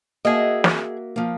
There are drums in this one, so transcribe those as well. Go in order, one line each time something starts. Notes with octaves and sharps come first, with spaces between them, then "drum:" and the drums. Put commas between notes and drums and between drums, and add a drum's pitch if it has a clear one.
A#3 F#4 G#4 D#5 E5
drum: snare
F3 A#3